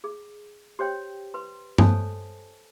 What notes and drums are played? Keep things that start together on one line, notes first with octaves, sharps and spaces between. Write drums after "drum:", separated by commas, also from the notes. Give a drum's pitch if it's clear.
G#4
G4 C5 C#5 G5
B4 C6
A4 C5 C#5 G#5 A5, drum: tom G2